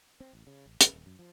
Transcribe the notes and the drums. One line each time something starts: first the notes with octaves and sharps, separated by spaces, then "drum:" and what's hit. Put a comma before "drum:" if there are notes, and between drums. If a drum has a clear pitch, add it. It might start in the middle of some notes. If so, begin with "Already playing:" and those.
C4
A1
C#3
A1
G#1, drum: hi-hat
D#1
F#2
F3